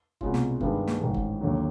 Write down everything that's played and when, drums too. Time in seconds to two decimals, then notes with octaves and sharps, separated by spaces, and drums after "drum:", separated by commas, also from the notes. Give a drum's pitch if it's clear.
0.21 C2 B2 G#3 C#4 F4, drum: kick F#1
0.34 drum: snare
0.61 G2 D#3 G#3 B3 D4, drum: kick F#1
0.87 drum: snare
1.01 A1 G#2 D#3
1.14 drum: kick F#1
1.41 D#2 D3 F#3